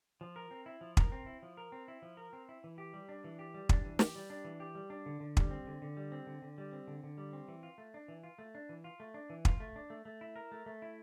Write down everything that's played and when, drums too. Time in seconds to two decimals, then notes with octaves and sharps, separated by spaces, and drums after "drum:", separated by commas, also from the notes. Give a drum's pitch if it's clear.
0.21 F3
0.36 A#4
0.51 C4
0.66 E4
0.81 F3
0.97 A#4, drum: kick
1.12 C4
1.26 E4
1.43 F3
1.57 A#4
1.72 C4
1.88 E4
2.02 F3
2.17 A#4
2.33 C4
2.49 E4
2.64 E3
2.78 G4
2.93 G3
3.09 D4
3.24 E3
3.39 G4
3.54 G3
3.69 D4, drum: kick
3.85 E3
3.99 G4, drum: snare
4.15 G3
4.30 D4
4.45 E3
4.60 G4
4.75 G3
4.90 D4
5.06 D3
5.20 D3
5.37 G3, drum: kick
5.51 C4
5.67 D3
5.82 D3
5.97 G3
6.12 C4
6.27 D3
6.42 D3
6.58 G3
6.73 C4
6.87 D3
7.03 D3
7.18 G3
7.33 C4
7.48 E3
7.63 F4
7.78 A3
7.94 D4
8.08 E3
8.23 F4
8.39 A3
8.55 D4
8.69 E3
8.84 F4
9.00 A3
9.14 D4
9.30 E3
9.45 F4, drum: kick
9.60 A3
9.76 D4
9.90 A3
10.05 A3
10.21 E4
10.36 A#4
10.52 A3
10.66 A3
10.82 E4